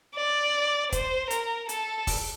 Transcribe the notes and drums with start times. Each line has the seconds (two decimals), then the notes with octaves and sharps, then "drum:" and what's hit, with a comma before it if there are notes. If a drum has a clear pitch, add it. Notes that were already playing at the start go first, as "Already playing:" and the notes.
0.15 D5
0.92 C5, drum: kick, hi-hat
1.30 A#4, drum: hi-hat
1.69 A4, drum: hi-hat
2.07 drum: kick, open hi-hat